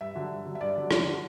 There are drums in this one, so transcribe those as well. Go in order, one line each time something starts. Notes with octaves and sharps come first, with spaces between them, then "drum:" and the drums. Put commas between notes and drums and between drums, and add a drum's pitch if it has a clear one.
G2 E5
D3 F#3
G2
D3 F#3
E5
G2 D5
D3 F#3
G2, drum: rim click
D3 F#3